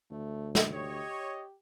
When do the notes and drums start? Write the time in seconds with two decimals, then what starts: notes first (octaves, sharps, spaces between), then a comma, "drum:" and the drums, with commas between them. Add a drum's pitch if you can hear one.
0.11 D2 A3
0.55 drum: snare
0.72 G4 C#5 D#5